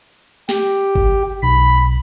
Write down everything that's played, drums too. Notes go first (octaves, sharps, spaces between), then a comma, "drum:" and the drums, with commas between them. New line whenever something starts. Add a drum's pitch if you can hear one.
G4, drum: snare
drum: kick G1
B1 B5